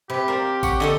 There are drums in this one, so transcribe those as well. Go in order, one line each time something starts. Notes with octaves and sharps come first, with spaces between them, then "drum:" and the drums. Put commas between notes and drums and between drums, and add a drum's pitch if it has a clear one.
C3 G4 B4
A#4 C5 D5 F5
C#5 F#5, drum: kick A1, tambourine
D3 A4 D#5 D#6